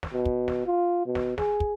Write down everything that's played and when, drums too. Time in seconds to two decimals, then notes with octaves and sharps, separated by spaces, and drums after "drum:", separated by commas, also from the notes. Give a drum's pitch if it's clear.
0.03 drum: snare
0.13 B2
0.25 drum: kick
0.48 drum: snare
0.66 F4
1.06 B2
1.15 drum: snare
1.38 G#4, drum: snare
1.60 drum: kick